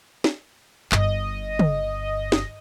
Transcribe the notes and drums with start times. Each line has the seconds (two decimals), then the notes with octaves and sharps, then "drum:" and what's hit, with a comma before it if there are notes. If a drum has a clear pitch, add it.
0.24 drum: snare
0.92 G1 D#5, drum: clap
1.59 drum: tom C#3
2.32 drum: snare